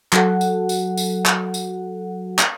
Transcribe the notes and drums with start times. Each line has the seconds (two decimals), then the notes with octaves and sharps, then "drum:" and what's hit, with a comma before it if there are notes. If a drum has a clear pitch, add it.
0.13 F#3 F#4 A4 F#5, drum: clap
0.41 drum: tambourine
0.69 drum: tambourine
0.97 drum: tambourine
1.26 drum: clap
1.54 drum: tambourine
2.39 drum: clap